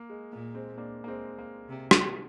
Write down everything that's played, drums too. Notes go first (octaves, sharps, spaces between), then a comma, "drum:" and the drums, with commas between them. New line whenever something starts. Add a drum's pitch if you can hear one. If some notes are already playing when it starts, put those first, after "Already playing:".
Already playing: A#3
G#3
A#2 A#3
G#3 C4
A#3 D4
A#3
G#3 C4
A#3
C3
drum: rim click